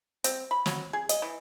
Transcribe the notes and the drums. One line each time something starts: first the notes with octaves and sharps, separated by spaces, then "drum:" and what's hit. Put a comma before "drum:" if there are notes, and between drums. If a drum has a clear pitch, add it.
C4, drum: hi-hat
B5
F#3, drum: snare
G#4
D#5, drum: hi-hat
E3